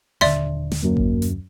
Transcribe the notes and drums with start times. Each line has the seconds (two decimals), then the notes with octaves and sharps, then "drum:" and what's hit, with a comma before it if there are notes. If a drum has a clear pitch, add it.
0.21 D#1 D3 D5 E5 C6, drum: snare
0.72 drum: snare
0.83 F#2 A#3
0.97 drum: kick G#1
1.22 drum: hi-hat